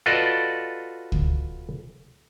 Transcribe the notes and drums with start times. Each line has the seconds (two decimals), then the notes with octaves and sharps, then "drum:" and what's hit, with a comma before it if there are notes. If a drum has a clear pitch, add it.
0.06 F4 F#4 A4 B4 D5 D#5
1.12 drum: kick